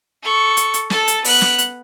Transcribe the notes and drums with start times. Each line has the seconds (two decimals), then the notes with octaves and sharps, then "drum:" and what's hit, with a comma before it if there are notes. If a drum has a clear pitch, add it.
0.23 A4 C#6
0.57 drum: hi-hat
0.74 drum: hi-hat
0.90 A4 A5, drum: snare
1.08 drum: hi-hat
1.25 B3 F#6, drum: open hi-hat
1.41 drum: snare
1.58 drum: hi-hat